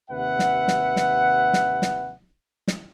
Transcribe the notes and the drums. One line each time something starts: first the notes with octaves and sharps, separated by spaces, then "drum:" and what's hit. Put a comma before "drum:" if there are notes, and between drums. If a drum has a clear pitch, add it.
D#2 C3 B4 E5 F#5
drum: snare
drum: snare
drum: snare
drum: snare
drum: snare
drum: snare